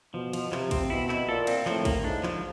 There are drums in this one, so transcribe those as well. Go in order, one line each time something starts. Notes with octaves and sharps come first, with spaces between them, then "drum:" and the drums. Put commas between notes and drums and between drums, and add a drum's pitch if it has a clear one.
B2 F3
F3, drum: cymbal
C3 F3, drum: clap
C4, drum: kick A#1, cymbal
B2 E4
E4, drum: clap
A#2 A4
C4, drum: cymbal
A2 F3, drum: clap
A#3, drum: kick A#1, cymbal
G#2 D4
F3, drum: clap